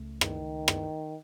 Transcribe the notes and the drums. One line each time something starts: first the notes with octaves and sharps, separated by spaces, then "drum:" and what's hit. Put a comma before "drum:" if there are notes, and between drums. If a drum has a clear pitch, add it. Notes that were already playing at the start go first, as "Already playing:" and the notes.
Already playing: C#2 C#3 A3
D#3, drum: rim click
drum: rim click